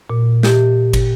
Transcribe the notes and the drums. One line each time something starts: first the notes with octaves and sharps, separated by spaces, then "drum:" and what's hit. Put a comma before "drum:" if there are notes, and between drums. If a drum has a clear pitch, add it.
A#2
G4, drum: snare
drum: kick, cymbal